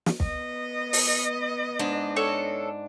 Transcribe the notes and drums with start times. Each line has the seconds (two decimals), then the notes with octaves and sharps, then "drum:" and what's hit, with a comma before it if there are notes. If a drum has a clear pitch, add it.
0.06 drum: snare
0.20 B3 D#5, drum: kick
0.93 drum: open hi-hat
1.79 G#2 D4
2.16 A4 C#5 F6